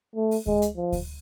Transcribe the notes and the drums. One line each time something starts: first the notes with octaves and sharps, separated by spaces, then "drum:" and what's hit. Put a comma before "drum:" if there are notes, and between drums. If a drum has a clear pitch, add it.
A3
drum: open hi-hat
G#3, drum: kick D2
drum: hi-hat
F3
drum: kick D2, open hi-hat